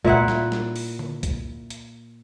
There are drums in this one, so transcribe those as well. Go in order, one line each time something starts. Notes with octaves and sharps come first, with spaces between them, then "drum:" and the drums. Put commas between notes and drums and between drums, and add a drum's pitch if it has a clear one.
A#2 E4 E5 F#5, drum: kick C2
drum: snare
drum: snare
drum: open hi-hat
drum: tom D3
drum: kick C2, hi-hat
drum: hi-hat